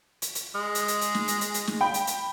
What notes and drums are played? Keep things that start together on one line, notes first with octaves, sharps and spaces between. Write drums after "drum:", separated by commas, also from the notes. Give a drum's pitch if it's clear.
drum: hi-hat
drum: hi-hat
G#3
drum: hi-hat
drum: hi-hat
drum: hi-hat
drum: snare
drum: hi-hat
drum: hi-hat
drum: hi-hat
drum: snare
G5 B5
drum: hi-hat
drum: hi-hat